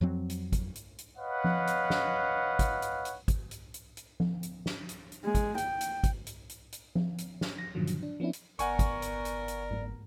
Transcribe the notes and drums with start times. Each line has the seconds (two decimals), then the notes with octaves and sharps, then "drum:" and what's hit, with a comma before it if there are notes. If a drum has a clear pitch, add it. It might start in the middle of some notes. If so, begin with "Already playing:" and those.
0.01 F2 F3 F#3 C4
0.30 drum: hi-hat
0.52 drum: kick, hi-hat
0.75 drum: hi-hat
0.98 drum: hi-hat
1.16 B4 C#5 D#5 F5 F#5
1.44 drum: tom F3
1.67 drum: hi-hat
1.90 drum: snare
2.59 drum: kick, hi-hat
2.82 drum: hi-hat
3.05 drum: hi-hat
3.28 drum: kick, hi-hat
3.51 drum: hi-hat
3.74 drum: hi-hat
3.97 drum: hi-hat
4.20 drum: tom F3
4.43 drum: hi-hat
4.66 drum: snare
4.89 drum: hi-hat
5.12 drum: hi-hat
5.25 G#3
5.35 drum: kick, hi-hat
5.58 G5, drum: hi-hat
5.81 drum: hi-hat
6.04 drum: kick, hi-hat
6.26 drum: hi-hat
6.49 drum: hi-hat
6.72 drum: hi-hat
6.95 drum: tom F3
7.18 drum: hi-hat
7.41 drum: snare
7.58 A#6
7.75 G2 A#2 D3 D#3 F3 F#3
7.87 drum: hi-hat
8.03 D4
8.20 F3 B3 C#4 D4 E4
8.33 drum: hi-hat
8.59 G1 B3 A#4 D5 F#5 G#5 C#6, drum: hi-hat
8.79 drum: kick, hi-hat
9.02 drum: hi-hat
9.25 drum: hi-hat
9.48 drum: hi-hat
9.71 drum: tom G#2